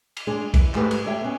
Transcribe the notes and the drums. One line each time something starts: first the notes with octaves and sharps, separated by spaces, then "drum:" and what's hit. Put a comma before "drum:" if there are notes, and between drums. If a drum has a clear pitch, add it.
drum: cymbal
G#3 D4 G#4
E3, drum: kick, cymbal
G#2 G#3 A3 G4 A#4 B4, drum: clap
drum: cymbal
G4 A4 C#5 E5 G5
B3 C#4